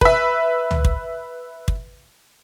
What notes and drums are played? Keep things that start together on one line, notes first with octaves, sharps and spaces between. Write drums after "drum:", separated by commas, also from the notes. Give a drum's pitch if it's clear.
B4 E5, drum: kick
drum: tom C#2
drum: kick
drum: kick